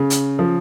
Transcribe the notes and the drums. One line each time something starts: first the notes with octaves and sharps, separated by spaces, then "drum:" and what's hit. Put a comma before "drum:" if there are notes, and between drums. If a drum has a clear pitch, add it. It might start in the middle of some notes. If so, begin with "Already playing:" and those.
Already playing: C#3
drum: hi-hat
F3